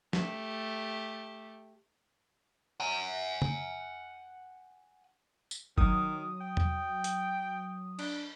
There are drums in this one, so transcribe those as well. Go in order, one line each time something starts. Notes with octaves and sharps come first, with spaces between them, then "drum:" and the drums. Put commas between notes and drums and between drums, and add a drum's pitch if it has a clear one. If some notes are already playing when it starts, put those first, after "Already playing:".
A3 G4, drum: snare
F#5 G#5
drum: tom
drum: tambourine
D#3 F#3 D#6, drum: kick
G5
drum: tom E2
drum: hi-hat
D4, drum: cymbal